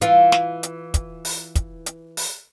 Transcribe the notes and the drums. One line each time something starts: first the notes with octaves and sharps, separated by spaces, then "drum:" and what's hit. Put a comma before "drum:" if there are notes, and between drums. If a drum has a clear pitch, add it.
E3 F4, drum: hi-hat
drum: snare
drum: hi-hat
drum: kick, hi-hat
drum: open hi-hat
drum: kick, hi-hat
drum: hi-hat
drum: open hi-hat